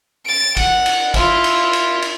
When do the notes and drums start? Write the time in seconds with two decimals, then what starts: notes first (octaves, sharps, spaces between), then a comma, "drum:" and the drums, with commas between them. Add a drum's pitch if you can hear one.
0.25 A6 D7
0.57 F#5, drum: kick G#1, cymbal
0.86 drum: cymbal
1.14 E4 F4, drum: kick G#1, cymbal
1.44 drum: cymbal
1.73 drum: cymbal
2.02 drum: cymbal